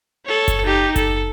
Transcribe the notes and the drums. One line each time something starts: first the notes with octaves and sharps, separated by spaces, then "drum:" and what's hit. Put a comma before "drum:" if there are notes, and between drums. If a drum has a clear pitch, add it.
A4 C#5
drum: kick F#1, hi-hat
D#4 G4
A4, drum: kick F#1, hi-hat